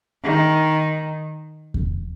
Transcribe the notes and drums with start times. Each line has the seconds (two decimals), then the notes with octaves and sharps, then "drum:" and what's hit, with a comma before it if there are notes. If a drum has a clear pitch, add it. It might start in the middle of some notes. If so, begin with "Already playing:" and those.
0.24 D#3
1.74 drum: kick E2